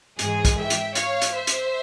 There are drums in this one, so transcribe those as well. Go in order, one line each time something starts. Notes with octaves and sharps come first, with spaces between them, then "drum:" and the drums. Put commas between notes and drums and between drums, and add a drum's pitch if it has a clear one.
G#2 E3 G#3 G#4, drum: hi-hat
drum: kick, hi-hat
E5 G5
drum: hi-hat
C#5 F5, drum: hi-hat
drum: hi-hat
C5 E5
drum: hi-hat